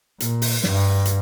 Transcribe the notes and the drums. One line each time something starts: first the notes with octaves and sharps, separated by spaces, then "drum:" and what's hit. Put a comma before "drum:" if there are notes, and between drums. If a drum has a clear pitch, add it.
A#2, drum: hi-hat
drum: open hi-hat
G2, drum: snare
drum: hi-hat